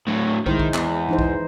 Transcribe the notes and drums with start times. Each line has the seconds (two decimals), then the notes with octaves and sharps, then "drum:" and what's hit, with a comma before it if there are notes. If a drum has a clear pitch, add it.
0.07 A2 F#3
0.46 D#3 G#3 E4 C5, drum: kick
0.59 drum: kick
0.74 E2, drum: clap
1.09 E3 D#4 C5
1.19 drum: kick